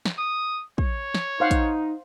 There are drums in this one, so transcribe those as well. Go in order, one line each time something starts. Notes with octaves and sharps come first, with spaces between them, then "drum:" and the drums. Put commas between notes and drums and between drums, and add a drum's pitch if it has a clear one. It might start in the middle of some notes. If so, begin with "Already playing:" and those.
drum: snare
D#6
C#5, drum: kick
drum: snare
D#4 C5 F5 F#5
drum: kick, hi-hat